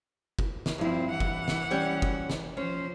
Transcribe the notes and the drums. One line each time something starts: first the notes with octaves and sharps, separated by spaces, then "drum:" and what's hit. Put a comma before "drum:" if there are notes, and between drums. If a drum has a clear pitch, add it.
drum: kick
drum: snare
G2 F3 C4 E4
E3 F#5
drum: kick
drum: snare
G3 C#4 G5
drum: kick
drum: snare
F3 C#4 C5